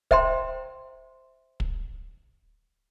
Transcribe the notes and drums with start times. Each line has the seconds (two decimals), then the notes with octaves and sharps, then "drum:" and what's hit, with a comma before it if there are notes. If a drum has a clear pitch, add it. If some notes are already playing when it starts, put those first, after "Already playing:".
0.11 C5 E5 G5 A#5 C6, drum: kick
1.60 drum: kick